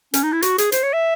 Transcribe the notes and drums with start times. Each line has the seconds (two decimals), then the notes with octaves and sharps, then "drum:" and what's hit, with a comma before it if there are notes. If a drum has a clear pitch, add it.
0.14 C#4, drum: hi-hat
0.23 D#4
0.32 E4
0.42 F#4, drum: hi-hat
0.58 G#4, drum: hi-hat
0.72 C5, drum: hi-hat
0.83 C#5
0.93 E5